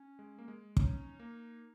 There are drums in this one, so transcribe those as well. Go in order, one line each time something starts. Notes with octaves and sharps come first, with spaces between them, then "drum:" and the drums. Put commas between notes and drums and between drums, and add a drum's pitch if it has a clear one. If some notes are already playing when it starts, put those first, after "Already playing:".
Already playing: C#4
G#3
A#3
G#3
C#4 D#4, drum: kick
A#3